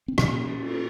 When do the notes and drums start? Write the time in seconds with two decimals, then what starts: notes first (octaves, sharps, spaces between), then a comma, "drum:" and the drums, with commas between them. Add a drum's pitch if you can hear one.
0.08 C4
0.18 A#2 C#4, drum: rim click
0.47 A#2
0.62 drum: cymbal